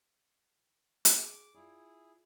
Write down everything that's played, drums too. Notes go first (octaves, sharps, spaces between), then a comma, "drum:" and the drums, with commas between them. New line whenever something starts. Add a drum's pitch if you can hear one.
G#4 D6, drum: hi-hat
E4 F4 G#4 D5